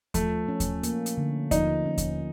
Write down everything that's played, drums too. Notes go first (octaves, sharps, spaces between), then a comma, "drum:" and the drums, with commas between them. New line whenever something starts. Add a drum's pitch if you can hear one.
F3 A3, drum: kick D#2, hi-hat
C#4
drum: kick D#2, hi-hat
A#3, drum: hi-hat
drum: hi-hat
D3
F3 D#4, drum: kick D#2, hi-hat
C#4
drum: kick D#2, hi-hat